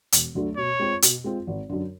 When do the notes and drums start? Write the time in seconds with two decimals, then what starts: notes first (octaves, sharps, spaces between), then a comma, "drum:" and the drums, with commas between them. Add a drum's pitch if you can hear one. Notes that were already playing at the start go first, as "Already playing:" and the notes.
0.12 E1, drum: hi-hat
0.35 D2 D3 F#3 A3
0.57 B2 C#5
0.79 G#3 C4 F4
1.02 B2, drum: hi-hat
1.24 G#3 C4 F4
1.47 G#1
1.70 F#2 D3